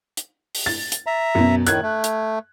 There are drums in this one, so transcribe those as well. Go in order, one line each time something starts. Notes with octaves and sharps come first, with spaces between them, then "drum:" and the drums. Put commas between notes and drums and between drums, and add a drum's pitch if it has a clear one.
drum: hi-hat
drum: open hi-hat
A6
drum: hi-hat
E5 A#5
F#2 B2
A2 D#3 F#6 G#6, drum: hi-hat
A3
drum: hi-hat